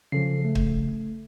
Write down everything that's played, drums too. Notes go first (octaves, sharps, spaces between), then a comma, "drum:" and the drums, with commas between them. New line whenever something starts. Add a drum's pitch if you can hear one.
C#3 F3 A4 C7
A3
drum: kick